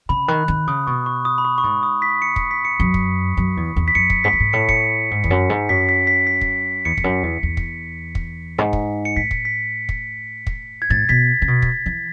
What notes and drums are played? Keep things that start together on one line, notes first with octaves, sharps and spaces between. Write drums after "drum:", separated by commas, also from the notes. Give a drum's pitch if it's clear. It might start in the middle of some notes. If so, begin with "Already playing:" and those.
C#3 B5
D#3 F#6
D#3
C#3 D#6
B2 C#6
C#6
D#6
B5
C#6
C#6
G#2 B5
D#6
B6
C#7
drum: kick
B6
C#7
F#2
drum: kick
F#2
E2
E2
B6
F#2 C#7
drum: kick
G#2 B6
F#2
G#2
A2 C#7
C#7, drum: kick
G#2
E2, drum: kick
F#2
G#2
F#2 B6
B6
B6
B6
drum: kick
E2 C#7
E2, drum: kick
F#2
E2
E2
drum: kick
drum: kick
G#2
drum: kick
C#7
A2 B6
drum: kick
B6
drum: kick
drum: kick
G#6
A2 A6
B2 B6
C#3
B2
drum: kick
E3